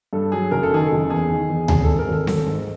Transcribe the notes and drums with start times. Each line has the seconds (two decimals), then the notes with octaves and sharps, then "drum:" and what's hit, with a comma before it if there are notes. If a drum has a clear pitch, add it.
0.13 G2 A4
0.32 F#3 G#4
0.51 F#1 A#4
0.63 A4
0.71 D#3 G#4
0.86 A4
0.91 F#1
1.10 E2 G#4
1.30 D#3
1.49 E2
1.68 G#1 G#4, drum: tom D2
1.83 A4
1.89 G#2
1.99 A#4
2.08 G#1 A4
2.27 G#1 A4, drum: snare C4
2.46 G#2